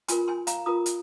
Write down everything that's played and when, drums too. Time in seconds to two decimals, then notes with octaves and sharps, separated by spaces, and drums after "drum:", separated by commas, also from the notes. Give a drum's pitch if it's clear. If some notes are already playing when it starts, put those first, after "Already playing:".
0.08 F4 A#4 G#5 C6, drum: hi-hat
0.28 G#5 C6
0.47 F5 A#5, drum: hi-hat
0.66 F4 A#4 A#5 D#6
0.86 drum: hi-hat